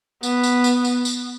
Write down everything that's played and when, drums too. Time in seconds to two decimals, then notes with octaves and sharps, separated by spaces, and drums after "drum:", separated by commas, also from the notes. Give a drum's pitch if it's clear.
0.23 B3, drum: tambourine
0.43 drum: tambourine
0.64 drum: tambourine
0.85 drum: tambourine
1.05 drum: tambourine